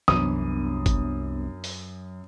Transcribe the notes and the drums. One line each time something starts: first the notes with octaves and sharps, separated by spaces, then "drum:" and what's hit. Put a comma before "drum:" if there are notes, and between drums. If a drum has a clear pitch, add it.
C2 F#2 E3 B3 D4 D#6, drum: snare
drum: kick G1, hi-hat
drum: open hi-hat